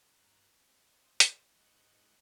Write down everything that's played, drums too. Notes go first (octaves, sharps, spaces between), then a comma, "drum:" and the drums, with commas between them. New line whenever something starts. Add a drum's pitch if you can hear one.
G2 A#5 F#6
C4
C5 D#5
drum: hi-hat
G#2 D#5 C#6 F#6 G6